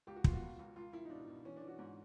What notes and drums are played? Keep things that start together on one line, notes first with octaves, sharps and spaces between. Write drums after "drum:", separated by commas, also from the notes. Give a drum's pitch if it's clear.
C#2 G4
F#4
B2 F4, drum: kick
F#4
C#2
C#2
C#2 F4
C#2 E4
D#4
B2 D4
B2
E3 C#4
D4
E3
F#4
G#2